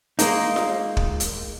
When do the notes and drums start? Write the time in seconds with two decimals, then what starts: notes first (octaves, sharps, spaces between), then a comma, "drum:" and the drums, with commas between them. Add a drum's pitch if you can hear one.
0.19 G#3 A#3 D#4, drum: hi-hat
0.56 drum: snare F4
0.97 drum: kick
1.20 drum: hi-hat